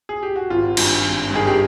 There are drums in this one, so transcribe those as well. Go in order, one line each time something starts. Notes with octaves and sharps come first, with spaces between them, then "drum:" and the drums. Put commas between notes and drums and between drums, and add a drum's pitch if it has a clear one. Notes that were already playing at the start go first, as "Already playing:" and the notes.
G#4
G4
F#4
G#1 F4
G2 D#3, drum: cymbal
G#1
G2 D#3 G#4
G4